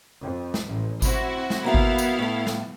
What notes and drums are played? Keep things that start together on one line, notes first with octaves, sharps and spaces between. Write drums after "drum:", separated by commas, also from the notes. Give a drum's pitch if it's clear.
F2
drum: snare
A1
C4 E4 F#4, drum: kick G#1, tambourine
drum: snare
A#3 B3 E4 F#4 E5 F5
drum: kick G#1
drum: tambourine
A2 A4
drum: snare